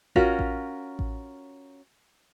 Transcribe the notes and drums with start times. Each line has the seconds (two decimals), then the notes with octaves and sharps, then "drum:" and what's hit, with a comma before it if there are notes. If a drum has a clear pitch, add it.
0.16 C#4 F4 F#4 A#4, drum: kick A1
0.39 drum: kick A1
0.99 drum: kick A1